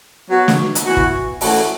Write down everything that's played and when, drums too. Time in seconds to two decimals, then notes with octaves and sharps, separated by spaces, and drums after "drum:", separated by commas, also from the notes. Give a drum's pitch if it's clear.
0.29 F#3 B3 F#4
0.48 drum: snare
0.75 drum: hi-hat
0.85 E3 B3 F#4
0.97 drum: kick
1.41 E3 A3 C#4 F#4, drum: open hi-hat